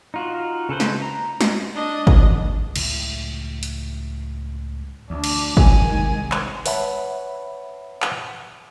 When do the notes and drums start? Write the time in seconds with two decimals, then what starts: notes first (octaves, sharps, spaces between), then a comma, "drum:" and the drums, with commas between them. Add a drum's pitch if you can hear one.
0.14 D#4 F4 F#4
0.69 C#3 A4 B4 C5
0.80 drum: snare
1.02 A#5
1.41 drum: snare
1.75 D4 D#5
2.07 drum: kick
2.76 C#2 A2 F#3, drum: cymbal
3.63 drum: hi-hat
5.10 D2 D4
5.24 drum: cymbal
5.57 C2 D#3 G#3 G#5, drum: kick
6.32 drum: clap
6.66 B4 C#5 E5 F#5 A5 B5, drum: open hi-hat
8.02 drum: clap